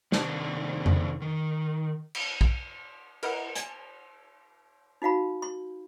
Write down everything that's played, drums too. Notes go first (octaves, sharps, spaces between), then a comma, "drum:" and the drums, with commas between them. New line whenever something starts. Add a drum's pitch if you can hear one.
C3 D#3 C4 D4 A5, drum: snare
drum: tom F2
D#3
drum: cymbal
drum: kick
E4 A#4 B4 D#5 F#5 A#5, drum: cymbal
G#5 A5, drum: hi-hat
D#4 F#4 F5 B5
C6